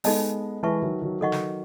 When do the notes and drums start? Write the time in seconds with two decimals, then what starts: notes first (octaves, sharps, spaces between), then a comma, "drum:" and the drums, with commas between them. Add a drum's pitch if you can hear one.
0.04 G#3 B3 D#4 A4 D#5 A5, drum: open hi-hat
0.63 E3 G#3 B4 E5 A5 C#6
0.82 D#3 F#3
1.02 D#3 F#3
1.21 D#3 F#3 A4 D#5 F#5 C#6
1.32 drum: snare